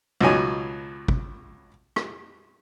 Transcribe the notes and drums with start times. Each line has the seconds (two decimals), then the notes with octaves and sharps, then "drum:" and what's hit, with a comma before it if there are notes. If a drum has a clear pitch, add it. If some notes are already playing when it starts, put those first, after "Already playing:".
0.21 C#2 B2 F#3 D#4 G#5
1.08 drum: kick
1.96 drum: rim click